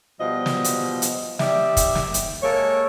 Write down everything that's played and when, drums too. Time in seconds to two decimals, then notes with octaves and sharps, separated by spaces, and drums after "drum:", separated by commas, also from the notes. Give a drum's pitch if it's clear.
0.20 B2 F3 G3 D#5
0.46 drum: snare
0.64 drum: hi-hat
1.02 drum: hi-hat
1.39 G3 D#4 D5 E5, drum: snare
1.77 drum: kick, hi-hat
1.95 drum: snare
2.14 drum: hi-hat
2.43 G#3 A#3 A4 C#5